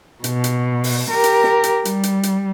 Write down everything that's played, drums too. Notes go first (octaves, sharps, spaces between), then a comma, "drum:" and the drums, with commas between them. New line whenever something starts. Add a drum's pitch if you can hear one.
B2, drum: hi-hat
drum: hi-hat
drum: open hi-hat
G4 A#4
drum: hi-hat
drum: snare
drum: hi-hat
G3, drum: hi-hat
drum: hi-hat
drum: hi-hat